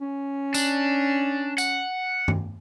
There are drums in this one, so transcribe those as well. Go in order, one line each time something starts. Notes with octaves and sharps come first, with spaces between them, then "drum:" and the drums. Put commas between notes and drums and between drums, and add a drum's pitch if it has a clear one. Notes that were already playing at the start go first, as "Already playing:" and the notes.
C#4
D4, drum: tambourine
F#5, drum: tambourine
drum: tom G2